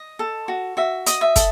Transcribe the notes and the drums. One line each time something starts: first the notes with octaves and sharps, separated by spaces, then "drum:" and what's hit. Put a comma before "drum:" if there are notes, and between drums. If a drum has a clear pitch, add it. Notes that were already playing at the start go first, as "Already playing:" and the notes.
Already playing: D#5
A4
F#4
F#4 E5
D#5, drum: hi-hat
E5
A4, drum: kick, hi-hat